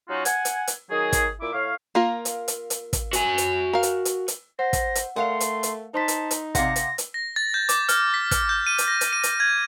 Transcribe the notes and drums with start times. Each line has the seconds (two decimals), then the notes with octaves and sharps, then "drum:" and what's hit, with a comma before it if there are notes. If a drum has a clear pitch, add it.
0.09 F#3 C#4 D#4 F4 F#4
0.25 F#5 G#5, drum: hi-hat
0.45 drum: hi-hat
0.67 drum: hi-hat
0.90 D#3 F#3 G#4
1.13 drum: kick, hi-hat
1.41 A#2 E4 D6
1.53 A2 C#5 F5
1.95 A#3 F4 A#4
2.25 drum: hi-hat
2.48 drum: hi-hat
2.70 drum: hi-hat
2.93 drum: kick, hi-hat
3.13 F#4 G#5, drum: hi-hat
3.38 drum: hi-hat
3.73 A#4 F5
3.83 drum: hi-hat
4.05 drum: hi-hat
4.28 drum: hi-hat
4.59 C5 F#5 A#6
4.73 drum: kick, hi-hat
4.95 drum: hi-hat
5.16 A3 A#4 F5 F#5 C6 F7
5.40 drum: hi-hat
5.63 drum: hi-hat
5.94 D#4 C5 A5 C6 B6
6.08 drum: hi-hat
6.31 drum: hi-hat
6.55 C3 F5 F#5 C6 A#6, drum: kick, hi-hat
6.76 drum: hi-hat
6.98 drum: hi-hat
7.14 A#6
7.36 A6
7.54 G6
7.69 D6, drum: hi-hat
7.89 F6, drum: hi-hat
8.14 B6
8.31 F6, drum: kick, hi-hat
8.49 G6
8.67 D#7
8.78 drum: hi-hat
8.88 A#6
9.01 drum: hi-hat
9.13 D#7
9.23 drum: hi-hat
9.40 G#6